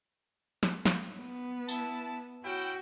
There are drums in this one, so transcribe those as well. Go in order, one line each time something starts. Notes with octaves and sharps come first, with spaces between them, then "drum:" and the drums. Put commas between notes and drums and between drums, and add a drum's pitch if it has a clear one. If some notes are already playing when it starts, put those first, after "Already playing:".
drum: snare
drum: snare
B3
E4 A5, drum: tambourine
C#4 E4 F#4 G5